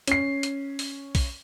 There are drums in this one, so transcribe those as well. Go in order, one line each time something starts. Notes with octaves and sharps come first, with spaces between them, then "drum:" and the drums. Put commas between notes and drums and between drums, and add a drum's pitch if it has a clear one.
C#4 C7, drum: hi-hat
drum: hi-hat
drum: open hi-hat
drum: kick, open hi-hat